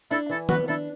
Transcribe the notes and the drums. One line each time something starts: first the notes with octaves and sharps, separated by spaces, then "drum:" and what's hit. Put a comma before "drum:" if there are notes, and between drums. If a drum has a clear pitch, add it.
D4 E4 A4
E3 E4 A4
B3 F#4 B4, drum: tom D#3
D4 E4 A4